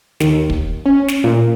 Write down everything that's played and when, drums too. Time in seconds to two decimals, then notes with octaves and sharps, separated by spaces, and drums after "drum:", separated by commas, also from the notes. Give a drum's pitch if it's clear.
0.20 D#2, drum: snare
0.50 drum: kick
0.86 C#4
1.08 drum: snare
1.24 A#2